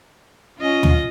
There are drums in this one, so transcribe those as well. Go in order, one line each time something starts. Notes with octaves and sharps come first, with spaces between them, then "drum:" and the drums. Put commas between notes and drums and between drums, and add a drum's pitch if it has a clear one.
C#4 F4 D#5
drum: tom